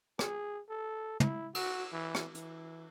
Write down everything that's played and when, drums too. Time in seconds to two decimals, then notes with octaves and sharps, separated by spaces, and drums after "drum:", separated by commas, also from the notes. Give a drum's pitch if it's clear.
0.19 G#4, drum: rim click
0.69 A4
1.20 E4, drum: tom
1.55 F#4, drum: cymbal
1.92 E3
2.15 drum: rim click
2.35 E3, drum: hi-hat